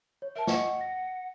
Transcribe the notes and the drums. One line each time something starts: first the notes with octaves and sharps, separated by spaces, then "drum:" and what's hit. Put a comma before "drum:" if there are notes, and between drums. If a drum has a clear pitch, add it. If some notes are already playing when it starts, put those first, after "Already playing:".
C#5
A#4 E5 A5
D#5 F#5 G#5 C#6, drum: snare
A#6